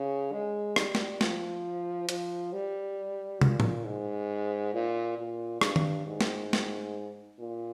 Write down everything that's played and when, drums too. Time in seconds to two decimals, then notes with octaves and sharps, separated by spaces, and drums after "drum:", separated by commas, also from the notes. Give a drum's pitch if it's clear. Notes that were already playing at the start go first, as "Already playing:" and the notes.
Already playing: C#3
0.32 G#3
0.76 G3, drum: rim click
0.95 drum: snare
1.21 F3, drum: snare
2.09 F3, drum: hi-hat
2.53 G3
3.42 A#2, drum: tom
3.60 drum: tom A2
3.84 G#2
4.73 A#2
5.18 A#2
5.61 G2, drum: rim click
5.76 drum: tom D#3
6.06 G#2
6.21 drum: snare
6.53 drum: snare
7.39 A#2